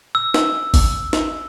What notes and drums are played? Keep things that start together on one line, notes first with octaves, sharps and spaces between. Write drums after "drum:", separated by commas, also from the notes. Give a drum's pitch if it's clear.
E6
drum: snare
drum: kick G#1, open hi-hat
drum: snare